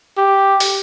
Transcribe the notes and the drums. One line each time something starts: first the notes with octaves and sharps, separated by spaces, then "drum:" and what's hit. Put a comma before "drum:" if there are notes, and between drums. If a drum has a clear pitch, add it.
G4
drum: open hi-hat